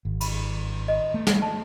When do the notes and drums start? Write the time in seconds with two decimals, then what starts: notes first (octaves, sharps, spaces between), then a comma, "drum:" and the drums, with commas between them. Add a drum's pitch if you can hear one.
0.05 G#1
0.21 B5, drum: cymbal
0.88 D#5
1.14 A3
1.27 drum: snare
1.42 A5